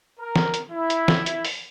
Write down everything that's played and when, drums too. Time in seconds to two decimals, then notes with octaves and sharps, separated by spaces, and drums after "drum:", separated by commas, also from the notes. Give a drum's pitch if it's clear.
0.19 A#4
0.36 drum: snare
0.54 drum: hi-hat
0.72 E4
0.90 drum: hi-hat
1.08 drum: snare
1.26 drum: hi-hat
1.45 drum: open hi-hat